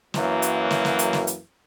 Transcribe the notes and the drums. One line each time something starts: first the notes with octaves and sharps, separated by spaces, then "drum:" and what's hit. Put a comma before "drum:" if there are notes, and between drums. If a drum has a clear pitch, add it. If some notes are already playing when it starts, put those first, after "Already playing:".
F#2 E3 F#3 A#3, drum: snare
drum: hi-hat
drum: snare
drum: snare
drum: hi-hat
drum: snare
drum: hi-hat